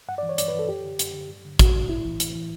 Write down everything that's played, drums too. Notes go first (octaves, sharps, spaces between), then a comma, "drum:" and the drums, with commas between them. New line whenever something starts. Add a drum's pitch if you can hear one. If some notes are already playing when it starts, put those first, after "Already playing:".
G2 F#5
D5
E3
C#5
G2 D5, drum: hi-hat
B4
E3 A4
F#2 G4
D3
F#2, drum: hi-hat
D3
G2
D3
G2 F#4, drum: kick, hi-hat
D3
A2 E4
E3
A2, drum: hi-hat
E3